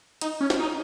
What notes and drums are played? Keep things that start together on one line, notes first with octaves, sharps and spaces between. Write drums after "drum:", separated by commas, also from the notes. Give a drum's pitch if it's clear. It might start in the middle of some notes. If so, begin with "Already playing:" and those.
D#4, drum: hi-hat
C#4
drum: snare
D#4